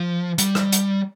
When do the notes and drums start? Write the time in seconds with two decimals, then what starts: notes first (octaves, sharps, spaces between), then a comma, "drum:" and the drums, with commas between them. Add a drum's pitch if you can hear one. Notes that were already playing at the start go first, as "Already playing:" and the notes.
Already playing: F3
0.38 G3, drum: hi-hat
0.55 drum: rim click
0.72 drum: hi-hat